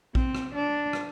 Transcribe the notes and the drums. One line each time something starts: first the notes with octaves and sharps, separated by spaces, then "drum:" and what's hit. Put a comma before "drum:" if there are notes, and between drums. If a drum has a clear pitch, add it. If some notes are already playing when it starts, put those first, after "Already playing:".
C4, drum: kick A#1
drum: rim click
D4
drum: rim click